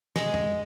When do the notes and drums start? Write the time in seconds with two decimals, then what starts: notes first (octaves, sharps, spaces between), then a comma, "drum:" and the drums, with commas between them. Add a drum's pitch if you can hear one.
0.16 G#3, drum: snare
0.34 drum: tom